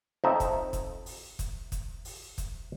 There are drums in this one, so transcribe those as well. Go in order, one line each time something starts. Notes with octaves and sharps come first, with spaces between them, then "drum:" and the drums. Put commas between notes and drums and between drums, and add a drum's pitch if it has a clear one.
F2 D#4 E5
drum: kick, hi-hat
drum: kick, hi-hat
drum: open hi-hat
drum: kick, hi-hat
drum: kick, hi-hat
drum: open hi-hat
drum: kick, hi-hat